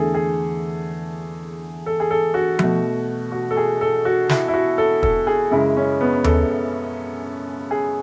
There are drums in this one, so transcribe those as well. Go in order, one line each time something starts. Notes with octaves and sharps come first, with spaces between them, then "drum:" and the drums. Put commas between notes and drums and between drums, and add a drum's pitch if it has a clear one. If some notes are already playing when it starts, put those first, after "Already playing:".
Already playing: E2 D3 A3 G#4 A4
G#4
A4
G#4
A4
F#4
B2 A3, drum: tom F3
F#4
A4
G#4
A4
F#4
E4, drum: snare
E4
F#4
A4
A4, drum: kick
G#4
F#2 C#3 G#3 E4
C#4
B3
A4, drum: tom D#2
G#4